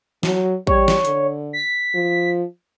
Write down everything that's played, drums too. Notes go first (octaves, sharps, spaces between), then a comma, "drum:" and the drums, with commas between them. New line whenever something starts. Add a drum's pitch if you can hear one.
F#3, drum: snare
G3 C#5, drum: kick
drum: snare
D3, drum: hi-hat
B6
F3